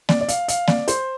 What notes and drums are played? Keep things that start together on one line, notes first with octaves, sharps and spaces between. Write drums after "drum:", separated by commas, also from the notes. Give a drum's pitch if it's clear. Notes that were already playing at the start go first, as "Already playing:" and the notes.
D5, drum: snare A#3
D5
F5, drum: hi-hat
F5, drum: hi-hat
D5, drum: snare A#3
C5, drum: hi-hat